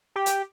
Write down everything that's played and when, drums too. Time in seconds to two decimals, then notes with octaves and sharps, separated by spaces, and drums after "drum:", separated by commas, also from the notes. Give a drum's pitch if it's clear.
0.16 G4
0.26 drum: hi-hat